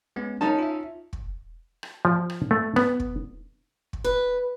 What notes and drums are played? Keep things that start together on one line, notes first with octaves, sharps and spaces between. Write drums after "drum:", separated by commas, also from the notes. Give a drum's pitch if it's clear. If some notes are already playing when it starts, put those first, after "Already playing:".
G#3 B3 C#4
C#4 D#4 D#5 A5 A#5
F4 E5
drum: kick
drum: rim click
F3
drum: rim click
A3
B3, drum: rim click
drum: kick
drum: kick
B4